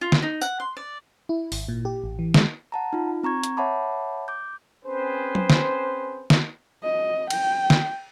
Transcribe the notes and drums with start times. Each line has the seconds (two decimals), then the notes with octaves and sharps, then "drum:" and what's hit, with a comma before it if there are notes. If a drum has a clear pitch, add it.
0.01 F4
0.12 drum: snare
0.22 D#4
0.41 F#5, drum: tambourine
0.60 C6
0.77 D5
1.29 E4
1.52 G#1, drum: open hi-hat
1.69 A#2
1.85 G4
2.04 A1
2.19 E3
2.34 G#3, drum: snare
2.72 F#5 A5 A#5
2.93 D#4 F4
3.23 C4 A#5 C#6 G#6
3.43 drum: hi-hat
3.57 C#5 E5 F#5 A5 B5 D6
4.28 D6 G6
4.85 C4 C#4 G#4 B4 C5
5.35 drum: tom F#3
5.50 drum: snare
6.30 drum: snare
6.83 D#5
7.30 G5, drum: cymbal
7.70 drum: snare